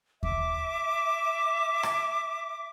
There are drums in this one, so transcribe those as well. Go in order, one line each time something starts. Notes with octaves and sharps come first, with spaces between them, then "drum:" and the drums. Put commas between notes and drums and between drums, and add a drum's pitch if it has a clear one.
E5 D6, drum: kick D#2
drum: rim click